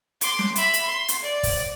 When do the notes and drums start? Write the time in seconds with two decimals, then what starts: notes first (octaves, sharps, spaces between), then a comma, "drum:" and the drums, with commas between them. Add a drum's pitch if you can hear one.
0.21 C6 D6, drum: hi-hat
0.39 drum: snare
0.56 E5 B5, drum: hi-hat
0.74 drum: hi-hat
0.86 C6
1.08 drum: hi-hat
1.22 D5
1.43 drum: kick, open hi-hat